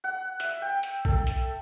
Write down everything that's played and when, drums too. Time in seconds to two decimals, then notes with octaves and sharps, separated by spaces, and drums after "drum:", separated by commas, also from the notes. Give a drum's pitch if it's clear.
0.04 F#5
0.40 E5, drum: hi-hat
0.62 G5
0.83 drum: hi-hat
1.05 A4, drum: kick A#1
1.27 drum: hi-hat